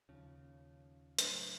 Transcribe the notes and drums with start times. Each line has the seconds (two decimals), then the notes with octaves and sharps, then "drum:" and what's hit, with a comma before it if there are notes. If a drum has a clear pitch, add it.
0.09 D#2 C#3 F3
1.19 A2 F#3 A3 D4, drum: hi-hat